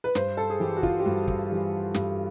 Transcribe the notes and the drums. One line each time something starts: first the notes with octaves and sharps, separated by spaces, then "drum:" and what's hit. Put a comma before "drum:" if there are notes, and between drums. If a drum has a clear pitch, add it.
B4
G2 C5, drum: snare
A4
G#4
E3 G3 G4
F#4
F4, drum: kick
G4
G2 F#4
drum: kick
E3 G3
G2, drum: snare